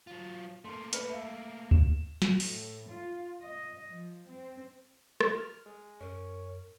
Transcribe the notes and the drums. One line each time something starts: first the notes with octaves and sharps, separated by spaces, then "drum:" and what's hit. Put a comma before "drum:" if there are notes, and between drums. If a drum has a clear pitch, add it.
F#3 F4
A3 A#3 C6
B4 F6 C#7, drum: hi-hat
E5 F5
E7, drum: kick D2
drum: snare
A2, drum: open hi-hat
F4
D#5
F3
C4
drum: rim click
F6
G#3
F#2 C#4 A#4